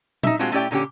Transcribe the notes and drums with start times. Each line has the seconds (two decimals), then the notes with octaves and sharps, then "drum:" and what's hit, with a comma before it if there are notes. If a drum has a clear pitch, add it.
0.23 D#4 E5, drum: tom A#2
0.39 G3 G#3 C4 D4 F4 F#4
0.52 A3 C#4 E4 G4 D5 G5
0.71 A#2 D3 C#4 G4